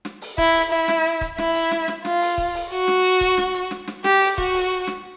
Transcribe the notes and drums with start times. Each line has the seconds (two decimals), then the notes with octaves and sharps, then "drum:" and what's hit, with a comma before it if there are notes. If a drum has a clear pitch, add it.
0.05 drum: snare
0.21 drum: open hi-hat
0.38 E4, drum: kick
0.55 drum: open hi-hat
0.71 E4
0.88 drum: snare
1.21 drum: kick, hi-hat
1.38 E4, drum: snare
1.55 drum: hi-hat
1.71 drum: snare
1.88 drum: snare
2.05 F4, drum: snare
2.21 drum: open hi-hat
2.38 drum: kick
2.54 drum: open hi-hat
2.72 F#4
2.88 drum: snare
3.21 drum: kick, hi-hat
3.38 drum: snare
3.54 drum: hi-hat
3.71 drum: snare
3.87 drum: snare
4.04 G4, drum: snare
4.21 drum: open hi-hat
4.38 F#4, drum: kick
4.54 drum: open hi-hat
4.87 drum: snare